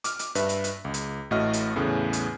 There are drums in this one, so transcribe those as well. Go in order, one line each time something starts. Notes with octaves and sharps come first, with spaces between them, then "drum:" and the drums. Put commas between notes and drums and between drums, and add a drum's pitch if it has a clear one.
D6 F6, drum: hi-hat
drum: hi-hat
G2 B4 E5, drum: hi-hat
drum: hi-hat
drum: hi-hat
C#2
drum: hi-hat
A1 A2 A3 F#4 D#5 F6
drum: hi-hat
E2 A2 C#3
drum: hi-hat